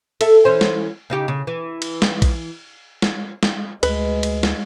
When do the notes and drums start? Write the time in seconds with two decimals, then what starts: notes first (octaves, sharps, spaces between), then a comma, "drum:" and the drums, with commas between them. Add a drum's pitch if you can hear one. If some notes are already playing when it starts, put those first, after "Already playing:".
0.21 A4 E5, drum: cymbal
0.45 E3 C#4 C5
0.61 drum: snare
1.10 C#3 D#4 G4
1.28 C#3
1.47 E3
1.82 drum: cymbal
2.02 drum: snare
2.22 drum: kick A#1, cymbal
3.02 drum: snare
3.43 drum: snare
3.83 D2 G#3 B4, drum: cymbal
4.23 drum: cymbal
4.43 drum: snare